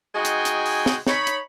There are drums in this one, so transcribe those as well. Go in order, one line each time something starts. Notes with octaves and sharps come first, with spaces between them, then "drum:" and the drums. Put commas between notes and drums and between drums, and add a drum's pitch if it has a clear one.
G#3 D#4 F#4 D#5 G5 G#5
drum: hi-hat
drum: hi-hat
drum: open hi-hat
drum: snare
D#4 C#5 B5, drum: snare
drum: hi-hat